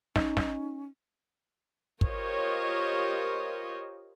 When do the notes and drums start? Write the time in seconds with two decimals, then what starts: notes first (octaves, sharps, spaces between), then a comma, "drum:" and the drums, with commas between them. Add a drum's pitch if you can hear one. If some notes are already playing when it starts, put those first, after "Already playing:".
0.16 C#4 D#4, drum: snare
0.37 drum: snare
2.01 F4 G4 A#4 C5 C#5 D#5, drum: kick